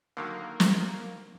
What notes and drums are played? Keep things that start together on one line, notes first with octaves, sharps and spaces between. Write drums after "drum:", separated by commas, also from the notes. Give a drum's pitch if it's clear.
D3 D#3 F#3 A#3
drum: snare